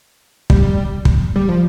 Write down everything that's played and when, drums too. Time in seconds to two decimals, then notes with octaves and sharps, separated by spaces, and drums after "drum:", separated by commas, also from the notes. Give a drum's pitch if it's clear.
0.50 G3, drum: kick
1.05 drum: kick
1.36 G3
1.49 F3